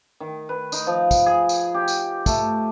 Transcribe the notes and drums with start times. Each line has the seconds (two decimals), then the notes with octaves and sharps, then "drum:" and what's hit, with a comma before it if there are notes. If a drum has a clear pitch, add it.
0.20 D#3
0.49 B4
0.72 D#4, drum: tambourine
0.87 F3
1.11 drum: kick, tambourine
1.26 G#4
1.49 drum: tambourine
1.74 G4
1.88 drum: tambourine
2.26 A3, drum: kick, tambourine